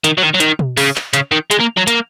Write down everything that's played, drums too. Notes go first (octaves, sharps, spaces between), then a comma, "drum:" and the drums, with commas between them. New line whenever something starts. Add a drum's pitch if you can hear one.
D#3, drum: hi-hat
F#3
D#3
F#3
D#3, drum: hi-hat
drum: tom B2
C#3, drum: open hi-hat
drum: clap
C#3, drum: hi-hat
D#3
G#3, drum: hi-hat
A#3
F#3
A#3, drum: hi-hat